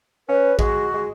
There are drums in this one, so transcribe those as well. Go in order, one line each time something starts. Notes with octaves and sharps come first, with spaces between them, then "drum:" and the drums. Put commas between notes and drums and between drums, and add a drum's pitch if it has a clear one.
C#4 B4
G#3 F#4, drum: kick A1
G#3